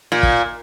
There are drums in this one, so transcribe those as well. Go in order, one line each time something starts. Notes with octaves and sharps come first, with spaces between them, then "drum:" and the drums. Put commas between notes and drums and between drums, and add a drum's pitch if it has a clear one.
A#2
drum: kick